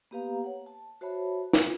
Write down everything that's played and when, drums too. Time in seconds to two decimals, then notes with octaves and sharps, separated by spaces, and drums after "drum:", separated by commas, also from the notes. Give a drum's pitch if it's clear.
0.11 A#3 B3 G4 B4 F5 A#5
0.44 C#5 F#5
0.66 A5
1.01 F#4 C5 C#5 E5 A5 B5
1.53 F4, drum: snare